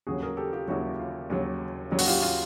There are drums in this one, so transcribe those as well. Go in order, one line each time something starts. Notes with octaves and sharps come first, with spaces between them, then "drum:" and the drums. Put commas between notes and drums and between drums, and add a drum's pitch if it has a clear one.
D#2 C#3 F#3 F#4 G#4
G#4 A#4
G4 A4
F4 G4
D#2 C#3 F#3 E4 F#4
F4
D#2 C#3 F#3
D#2 C#3 F#3
F#4, drum: open hi-hat
F4 G4
F4